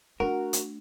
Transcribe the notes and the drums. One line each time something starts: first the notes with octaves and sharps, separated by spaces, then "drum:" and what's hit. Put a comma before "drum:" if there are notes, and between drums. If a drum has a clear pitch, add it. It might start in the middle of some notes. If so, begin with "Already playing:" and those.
A3 D4 F#4 A#4
drum: hi-hat